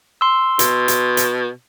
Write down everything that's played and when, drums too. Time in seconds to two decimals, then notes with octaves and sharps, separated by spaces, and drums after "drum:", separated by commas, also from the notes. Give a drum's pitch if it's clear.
0.21 C6 E6
0.59 B2, drum: hi-hat
0.88 drum: hi-hat
1.17 drum: hi-hat